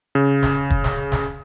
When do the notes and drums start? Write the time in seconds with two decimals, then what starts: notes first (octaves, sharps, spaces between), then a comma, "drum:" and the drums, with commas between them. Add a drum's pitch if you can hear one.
0.15 C#3
0.43 drum: snare
0.70 drum: kick
0.84 drum: snare
1.12 drum: snare